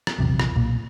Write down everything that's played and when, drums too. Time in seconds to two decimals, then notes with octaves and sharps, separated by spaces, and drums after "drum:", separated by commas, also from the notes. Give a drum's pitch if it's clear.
0.07 drum: rim click
0.19 A#1 E2 C3 F#3
0.40 drum: rim click
0.56 B1 A#2